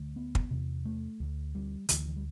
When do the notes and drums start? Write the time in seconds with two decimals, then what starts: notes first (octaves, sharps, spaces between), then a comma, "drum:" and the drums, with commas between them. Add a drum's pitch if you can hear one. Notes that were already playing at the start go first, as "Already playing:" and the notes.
Already playing: D2 D3
0.16 B3
0.35 drum: kick
0.51 E2 C3
0.85 A3
1.20 D2 D3
1.55 G3
1.89 D2 D3 E3, drum: hi-hat
2.06 E3
2.16 G3